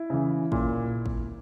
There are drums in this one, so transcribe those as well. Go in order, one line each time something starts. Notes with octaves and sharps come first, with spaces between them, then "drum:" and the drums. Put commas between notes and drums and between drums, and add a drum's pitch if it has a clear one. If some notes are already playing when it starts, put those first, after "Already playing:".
Already playing: E4
C#3 E3
A#2, drum: kick
drum: kick